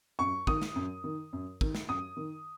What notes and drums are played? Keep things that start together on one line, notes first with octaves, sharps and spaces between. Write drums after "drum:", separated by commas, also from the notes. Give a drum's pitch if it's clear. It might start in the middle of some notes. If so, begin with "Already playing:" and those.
F#2 C#6
D#3 D#6, drum: kick
drum: snare
F#2
D#3
F#2
D#3, drum: kick
drum: snare
F#2 D#6
D#3